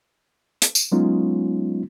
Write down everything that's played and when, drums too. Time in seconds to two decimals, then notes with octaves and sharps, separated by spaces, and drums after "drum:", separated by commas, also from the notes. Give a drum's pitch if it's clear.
0.62 drum: hi-hat
0.75 drum: tambourine
0.92 F#3 G#3 B3 C#4 D#4 F4